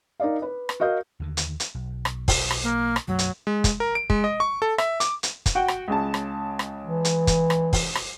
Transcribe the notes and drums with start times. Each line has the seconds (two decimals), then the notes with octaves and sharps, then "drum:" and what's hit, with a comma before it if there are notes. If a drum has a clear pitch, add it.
0.20 D#4 A#4 D5 D#5 F5
0.42 B4
0.69 drum: rim click
0.80 F#4 A#4 D#5 F5 G6
1.20 D#2 D3 D#3
1.37 drum: hi-hat
1.60 drum: hi-hat
1.74 B1
2.05 drum: rim click
2.28 drum: kick, open hi-hat
2.51 drum: rim click
2.64 A#3
2.96 drum: rim click
3.08 B1 F#2 F#3 A3
3.19 drum: hi-hat
3.47 G#3
3.64 drum: kick, hi-hat
3.80 A#4
3.95 D7
4.10 G#3, drum: kick
4.24 D#5
4.40 C#6
4.62 A4
4.78 E5, drum: rim click
5.00 D6, drum: hi-hat
5.23 drum: hi-hat
5.46 drum: kick, hi-hat
5.55 F#4 F#5 G5
5.68 drum: rim click
5.88 C#2 C#3 A5
6.14 drum: rim click
6.59 drum: rim click
6.86 E3
7.05 drum: hi-hat
7.27 drum: kick, hi-hat
7.50 drum: rim click
7.73 drum: kick, open hi-hat
7.95 drum: rim click